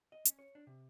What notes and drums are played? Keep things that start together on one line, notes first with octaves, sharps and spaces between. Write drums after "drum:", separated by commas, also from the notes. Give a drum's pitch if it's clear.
D#5
C#4, drum: hi-hat
C#5
D4
C3